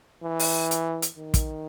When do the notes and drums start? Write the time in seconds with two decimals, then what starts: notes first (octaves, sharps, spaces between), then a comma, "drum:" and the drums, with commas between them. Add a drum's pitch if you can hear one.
0.24 E3
0.39 drum: open hi-hat
0.71 drum: hi-hat
1.02 drum: hi-hat
1.18 D#3
1.34 drum: kick, hi-hat